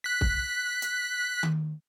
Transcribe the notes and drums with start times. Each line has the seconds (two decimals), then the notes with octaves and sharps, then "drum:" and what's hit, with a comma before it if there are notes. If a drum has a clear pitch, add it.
0.04 F#6 B6
0.21 drum: kick
0.82 drum: hi-hat
1.43 drum: tom D#3